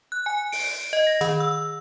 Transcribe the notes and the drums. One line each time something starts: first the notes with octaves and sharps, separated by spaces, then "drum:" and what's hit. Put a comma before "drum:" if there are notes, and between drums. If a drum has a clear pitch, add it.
F#6
G#5
D7, drum: open hi-hat
D#5
A#6
D#3, drum: hi-hat
E6